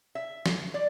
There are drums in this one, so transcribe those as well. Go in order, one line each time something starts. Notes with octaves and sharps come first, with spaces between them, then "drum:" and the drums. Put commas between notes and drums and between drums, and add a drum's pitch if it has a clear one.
E5
drum: snare
D5